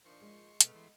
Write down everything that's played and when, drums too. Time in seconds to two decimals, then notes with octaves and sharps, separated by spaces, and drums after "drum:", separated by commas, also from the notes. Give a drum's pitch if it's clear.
0.05 A#2 D#3 F3 D4 D5 C6 C#6
0.21 G#3 D#5
0.61 B2 A3 B3 F6, drum: hi-hat
0.75 E3 C6